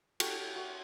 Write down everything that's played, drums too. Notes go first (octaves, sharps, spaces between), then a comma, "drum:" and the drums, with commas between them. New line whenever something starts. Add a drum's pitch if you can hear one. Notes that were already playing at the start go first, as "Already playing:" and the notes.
F#4 G4 A4 C#6, drum: cymbal
F#4